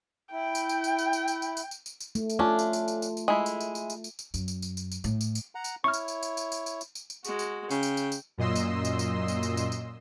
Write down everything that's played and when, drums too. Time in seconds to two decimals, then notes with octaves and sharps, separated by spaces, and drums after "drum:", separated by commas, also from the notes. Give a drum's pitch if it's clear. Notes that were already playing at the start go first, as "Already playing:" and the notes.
0.32 E4 G5
0.55 drum: tambourine
0.69 drum: tambourine
0.84 drum: tambourine
0.99 drum: tambourine
1.13 drum: tambourine
1.28 drum: tambourine
1.42 drum: tambourine
1.57 drum: tambourine
1.71 drum: tambourine
1.86 drum: tambourine
2.00 drum: tambourine
2.15 A3, drum: tambourine
2.30 drum: tambourine
2.39 A3 C#4 D4 F4 A5
2.59 drum: tambourine
2.73 drum: tambourine
2.88 drum: tambourine
3.02 drum: tambourine
3.17 drum: tambourine
3.28 G#3 E4
3.46 drum: tambourine
3.61 drum: tambourine
3.75 drum: tambourine
3.90 drum: tambourine
4.04 drum: tambourine
4.19 drum: tambourine
4.34 F#2, drum: tambourine
4.48 drum: tambourine
4.62 drum: tambourine
4.77 drum: tambourine
4.92 drum: tambourine
5.04 A2, drum: tambourine
5.21 drum: tambourine
5.35 drum: tambourine
5.55 F#5 A#5
5.64 drum: tambourine
5.84 E4 C#5 C#6 F6
5.93 drum: tambourine
6.08 drum: tambourine
6.23 drum: tambourine
6.37 drum: tambourine
6.52 drum: tambourine
6.66 drum: tambourine
6.81 drum: tambourine
6.95 drum: tambourine
7.10 drum: tambourine
7.24 G#3 F#4, drum: tambourine
7.39 drum: tambourine
7.71 C#3 G5, drum: tambourine
7.83 drum: tambourine
7.97 drum: tambourine
8.12 drum: tambourine
8.38 F#2 A#2 D#5 C6 E6
8.55 drum: tambourine
8.85 drum: tambourine
8.99 drum: tambourine
9.28 drum: tambourine
9.43 drum: tambourine
9.57 drum: tambourine
9.72 drum: tambourine